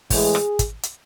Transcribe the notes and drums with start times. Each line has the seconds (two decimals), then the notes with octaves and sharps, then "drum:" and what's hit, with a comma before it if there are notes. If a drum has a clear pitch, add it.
0.10 A2 E3 G#3 G#4, drum: kick, open hi-hat
0.35 drum: rim click
0.59 drum: kick, hi-hat
0.83 drum: hi-hat